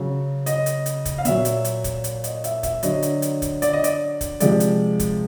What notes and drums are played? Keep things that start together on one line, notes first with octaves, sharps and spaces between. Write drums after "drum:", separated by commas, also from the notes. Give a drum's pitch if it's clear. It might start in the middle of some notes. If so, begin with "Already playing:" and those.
Already playing: C#3 F#3
D#5, drum: hi-hat
drum: hi-hat
drum: hi-hat
drum: kick, hi-hat
F5
A#2 F#3 E5, drum: hi-hat
drum: hi-hat
drum: hi-hat
drum: kick, hi-hat
drum: hi-hat
D#5, drum: hi-hat
E5, drum: hi-hat
E5, drum: kick, hi-hat
D3 F#3 D#5, drum: hi-hat
drum: hi-hat
drum: hi-hat
drum: kick, hi-hat
D5, drum: hi-hat
D#5
D5, drum: hi-hat
drum: kick, hi-hat
C3 F3 G#3 D5, drum: hi-hat
drum: hi-hat
drum: kick, hi-hat